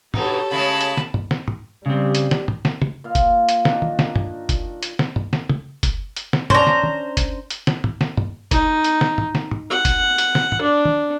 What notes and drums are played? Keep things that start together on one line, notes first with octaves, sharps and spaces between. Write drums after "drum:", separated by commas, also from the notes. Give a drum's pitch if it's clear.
G2 B2 D#4 G4 A4 C#5, drum: tom
C#3 G#3 A3 A5 B5
drum: hi-hat
drum: snare
drum: tom
drum: snare
drum: tom
C#3 G3 C4
drum: hi-hat
drum: snare
drum: tom
drum: snare
drum: tom
A#2 F5
drum: kick F#1, hi-hat
drum: hi-hat
D#3 D4, drum: snare
drum: tom
drum: snare
drum: tom
drum: kick F#1, hi-hat
drum: hi-hat
drum: snare
drum: tom
drum: snare
drum: tom
drum: kick F#1, hi-hat
drum: hi-hat
drum: snare
C#4 D4 C5 A#5, drum: tom
drum: snare
drum: tom
drum: kick F#1, hi-hat
drum: hi-hat
drum: snare
drum: tom
drum: snare
drum: tom
D#4, drum: kick F#1, hi-hat
drum: hi-hat
drum: snare
drum: tom
drum: snare
drum: tom
F#5
drum: kick F#1, hi-hat
drum: hi-hat
drum: snare
drum: tom
D4
drum: tom